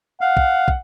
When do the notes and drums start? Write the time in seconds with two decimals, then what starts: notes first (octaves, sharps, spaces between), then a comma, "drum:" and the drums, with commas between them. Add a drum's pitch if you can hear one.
0.21 F5 F#5
0.37 drum: kick
0.68 drum: kick